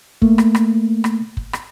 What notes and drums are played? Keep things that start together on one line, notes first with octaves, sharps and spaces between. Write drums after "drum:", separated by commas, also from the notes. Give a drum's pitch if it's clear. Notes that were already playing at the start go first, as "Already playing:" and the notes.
A3 A#3, drum: kick
drum: rim click
drum: rim click
drum: rim click
drum: kick
drum: rim click